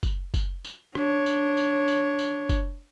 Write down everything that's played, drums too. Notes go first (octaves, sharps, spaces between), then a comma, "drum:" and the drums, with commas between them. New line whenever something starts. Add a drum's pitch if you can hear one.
drum: kick, tambourine
drum: kick, tambourine
drum: tambourine
D4 C#5, drum: rim click
drum: tambourine
drum: tambourine
drum: tambourine
drum: tambourine
drum: kick, tambourine